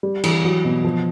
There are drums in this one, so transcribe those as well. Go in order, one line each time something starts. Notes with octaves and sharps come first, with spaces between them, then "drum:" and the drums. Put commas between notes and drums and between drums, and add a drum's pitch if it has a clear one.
G3
E3, drum: cymbal
F#3
B2
F3